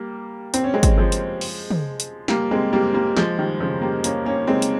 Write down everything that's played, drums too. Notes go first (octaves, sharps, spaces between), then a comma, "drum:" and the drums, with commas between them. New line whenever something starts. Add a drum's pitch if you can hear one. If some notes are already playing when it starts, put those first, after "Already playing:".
Already playing: G3 A#3
C4, drum: hi-hat
C#4
G#3 C4
drum: kick, hi-hat
F3 G#3
drum: hi-hat
drum: open hi-hat
drum: tom
drum: hi-hat
G3 A#3, drum: snare
G#3 C4
G3 A#3
G3 A#3
F3 G#3, drum: snare
D#3 G3
C#3 F3
G3 A#3
A#3 C#4, drum: hi-hat
A#3 C#4
G#3 C4
drum: hi-hat